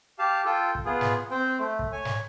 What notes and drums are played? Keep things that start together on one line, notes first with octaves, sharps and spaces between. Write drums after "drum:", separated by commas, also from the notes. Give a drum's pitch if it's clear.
G4 F5 A5
F4 A4 G5
drum: kick
B3 F4 G#4
drum: snare
C4 C5 G5
A3
drum: kick
C#5 G#5
drum: snare